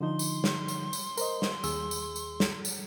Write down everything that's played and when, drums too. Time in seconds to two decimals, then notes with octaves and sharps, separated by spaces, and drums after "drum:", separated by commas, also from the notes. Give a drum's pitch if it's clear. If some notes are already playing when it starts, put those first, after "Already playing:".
0.01 D3 F3 D#4 C6
0.19 drum: tambourine
0.44 drum: snare
0.68 drum: tambourine
0.93 drum: tambourine
1.17 A#4 C5 D#5, drum: tambourine
1.42 drum: snare
1.64 D#2 G#4 E6, drum: tambourine
1.91 drum: tambourine
2.16 drum: tambourine
2.40 drum: snare
2.65 drum: tambourine